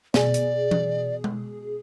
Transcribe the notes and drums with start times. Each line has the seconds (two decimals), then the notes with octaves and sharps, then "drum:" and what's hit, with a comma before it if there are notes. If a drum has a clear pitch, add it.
0.14 B2 G#4 D5, drum: snare
0.34 drum: hi-hat
0.71 drum: tom E3
1.24 drum: tom G#3